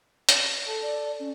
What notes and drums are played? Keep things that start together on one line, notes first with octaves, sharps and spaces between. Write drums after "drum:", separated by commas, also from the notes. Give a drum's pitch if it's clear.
drum: hi-hat
A4
D5
C#4